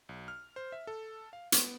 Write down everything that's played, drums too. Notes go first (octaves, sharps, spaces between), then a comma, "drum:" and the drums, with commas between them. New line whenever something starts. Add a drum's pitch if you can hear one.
B1
F6
C5
E5
A4
F5
B3, drum: hi-hat